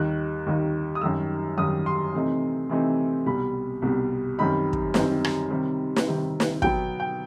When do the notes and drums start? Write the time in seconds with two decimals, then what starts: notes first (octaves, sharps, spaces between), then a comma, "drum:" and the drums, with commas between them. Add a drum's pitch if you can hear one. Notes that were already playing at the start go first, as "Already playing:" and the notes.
Already playing: D#2 D#3 G3 D#4 F#6
0.46 D#2 D#3 G3 D#4
0.95 D#6
1.01 F#2 D#3 G3 E6
1.58 F#2 D#3 G3 D#6
1.86 C6
2.14 C3 E3 A3 C4 D#4
2.69 C3 E3 A3 C4 D#4
3.26 C2 B2 G3 B5
3.82 C2 B2 G3
4.38 F#2 D#3 G3 C4 D#4 B5
4.73 drum: kick
4.94 F#2 D#3 G3 C4 D#4, drum: snare
5.24 drum: rim click
5.50 C3 D#3 G3 C4
5.96 drum: snare
6.07 C3 D#3 G3 C4
6.40 drum: snare
6.62 B2 F#3 B3 G5, drum: kick
7.00 G5